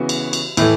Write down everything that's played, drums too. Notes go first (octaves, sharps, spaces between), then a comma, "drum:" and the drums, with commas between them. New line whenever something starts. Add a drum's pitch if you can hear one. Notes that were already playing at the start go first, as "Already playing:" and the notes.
Already playing: C#3 E3 B3 F#4
drum: cymbal
drum: cymbal
A2 E3 A3, drum: cymbal